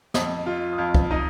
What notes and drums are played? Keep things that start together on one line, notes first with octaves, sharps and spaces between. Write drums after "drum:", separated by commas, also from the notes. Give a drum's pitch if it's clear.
F2 D#5 D#6, drum: snare
F4
D#6
F2 F5 F6
drum: kick
D#4 D#5 D#6